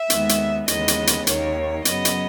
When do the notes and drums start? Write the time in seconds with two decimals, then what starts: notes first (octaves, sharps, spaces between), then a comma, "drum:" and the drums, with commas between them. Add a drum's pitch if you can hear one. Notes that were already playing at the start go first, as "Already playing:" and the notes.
Already playing: E5
0.10 D#2 D#3 G#3 B3, drum: hi-hat
0.29 drum: hi-hat
0.68 D#2 C#3 E3 G#3 B3 D#5, drum: hi-hat
0.88 drum: hi-hat
1.07 drum: hi-hat
1.27 D#2 D#3 A#3 C#5, drum: hi-hat
1.85 F#2 C#3 F#3 B3 D#5, drum: hi-hat
2.05 drum: hi-hat